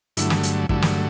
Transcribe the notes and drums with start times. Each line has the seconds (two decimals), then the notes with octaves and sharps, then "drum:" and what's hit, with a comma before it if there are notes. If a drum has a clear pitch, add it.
0.17 G2 D3 F#3 A3 E4, drum: hi-hat
0.30 drum: snare
0.43 drum: hi-hat
0.69 G2 D3 F#3 A3 E4, drum: kick
0.82 drum: snare